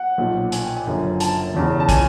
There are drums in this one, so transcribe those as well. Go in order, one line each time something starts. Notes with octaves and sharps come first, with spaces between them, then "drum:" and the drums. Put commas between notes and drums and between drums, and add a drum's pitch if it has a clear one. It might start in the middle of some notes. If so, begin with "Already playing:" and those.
Already playing: F#5
B1 A#2 F3
G#5, drum: hi-hat
G5
G#5
F#1 F#2 D3 F3
A5, drum: hi-hat
E1 E2 C#3
A5
G#5, drum: kick, hi-hat